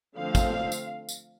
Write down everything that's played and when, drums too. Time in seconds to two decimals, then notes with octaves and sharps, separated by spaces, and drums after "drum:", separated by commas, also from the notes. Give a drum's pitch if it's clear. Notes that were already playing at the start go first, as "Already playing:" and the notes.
0.16 D3 F3 A3 C4 F5
0.35 drum: kick, tambourine
0.72 drum: tambourine
1.09 drum: tambourine